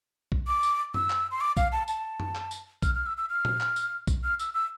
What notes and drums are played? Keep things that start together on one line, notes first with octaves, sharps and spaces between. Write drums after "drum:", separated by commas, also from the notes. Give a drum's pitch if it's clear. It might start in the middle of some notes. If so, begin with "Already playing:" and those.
drum: kick B1
D6
drum: tambourine
E6, drum: tom F#2
drum: clap
C6
D6
F5, drum: kick B1, tambourine
A5
A5, drum: tambourine
drum: tom F#2
drum: clap
drum: tambourine
F6, drum: kick B1, tambourine
F6
E6
E6
F6
drum: tom A#2
drum: clap
drum: tambourine
drum: kick B1, tambourine
F6
E6, drum: tambourine
E6